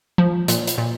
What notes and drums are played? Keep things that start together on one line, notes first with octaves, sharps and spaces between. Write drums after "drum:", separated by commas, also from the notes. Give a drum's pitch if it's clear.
F3
A#2, drum: hi-hat
drum: hi-hat
A#2